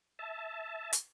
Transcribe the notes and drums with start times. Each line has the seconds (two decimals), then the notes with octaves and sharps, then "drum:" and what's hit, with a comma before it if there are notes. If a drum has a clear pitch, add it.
0.19 E5 A5
0.93 drum: hi-hat